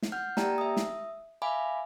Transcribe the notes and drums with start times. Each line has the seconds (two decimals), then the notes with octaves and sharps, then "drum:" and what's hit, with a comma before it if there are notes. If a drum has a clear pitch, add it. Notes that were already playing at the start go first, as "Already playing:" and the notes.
0.02 drum: snare
0.12 F#5 F6 G6
0.37 A#3 G4 D5 G5 A5 A#5, drum: snare
0.58 E5 D#6
0.77 drum: snare
1.42 E5 F5 G#5 B5 D6